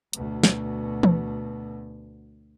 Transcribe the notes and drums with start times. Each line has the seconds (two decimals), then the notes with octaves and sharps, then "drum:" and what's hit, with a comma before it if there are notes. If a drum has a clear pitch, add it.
0.13 D2 B2, drum: hi-hat
0.43 drum: snare
1.03 drum: tom E3